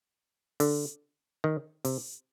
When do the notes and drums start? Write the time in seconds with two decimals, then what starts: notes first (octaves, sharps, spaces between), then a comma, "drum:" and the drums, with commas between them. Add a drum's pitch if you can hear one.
0.60 D3, drum: open hi-hat
1.44 D#3
1.85 C3, drum: open hi-hat